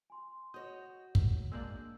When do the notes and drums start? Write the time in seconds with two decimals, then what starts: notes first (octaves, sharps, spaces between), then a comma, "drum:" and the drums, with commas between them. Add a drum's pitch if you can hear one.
0.10 G#5 C6
0.54 F#4 C#5 D#5 G6
1.15 drum: kick
1.52 G#3 A#3 D4 E6 G6 F#7